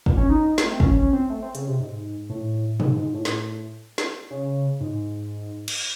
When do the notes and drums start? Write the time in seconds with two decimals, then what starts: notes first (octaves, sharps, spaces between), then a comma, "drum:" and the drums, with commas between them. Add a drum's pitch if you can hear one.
0.06 drum: kick
0.17 C#4
0.30 D#4
0.58 G#3, drum: snare
0.65 A3
0.72 C4
0.80 C#4, drum: kick
0.97 C#4
1.13 C4
1.30 A3
1.43 C4
1.55 C#3, drum: hi-hat
1.67 C3
1.80 G#2
2.30 A2
2.80 G#2, drum: tom
2.97 G#2
3.14 A2
3.25 drum: snare
3.98 drum: snare
4.31 C#3
4.81 G#2
5.68 drum: cymbal